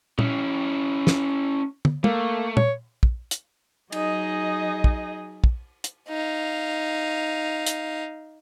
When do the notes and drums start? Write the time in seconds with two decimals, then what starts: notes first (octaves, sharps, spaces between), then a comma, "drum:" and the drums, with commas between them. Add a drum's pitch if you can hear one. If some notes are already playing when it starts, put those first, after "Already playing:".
0.19 C#4 E4, drum: tom
1.07 drum: snare
1.85 drum: tom
2.04 A3 A#3, drum: tom
2.57 C#5, drum: tom
3.03 drum: kick
3.31 drum: hi-hat
3.92 F#3 D#4 G#4 D#5, drum: cymbal
4.84 drum: kick
5.44 drum: kick
5.84 drum: hi-hat
6.08 D#4 F5
7.66 drum: hi-hat